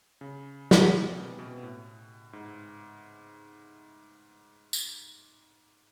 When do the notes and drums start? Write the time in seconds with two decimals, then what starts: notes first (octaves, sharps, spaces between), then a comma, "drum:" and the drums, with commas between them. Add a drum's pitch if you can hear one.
0.21 C#3
0.71 drum: snare
0.93 C3
1.15 B2
1.39 B2
1.63 A2
2.33 G#2
4.73 drum: tambourine